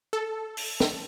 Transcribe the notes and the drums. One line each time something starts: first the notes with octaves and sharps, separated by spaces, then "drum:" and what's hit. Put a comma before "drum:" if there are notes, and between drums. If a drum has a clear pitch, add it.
A4
drum: open hi-hat
drum: snare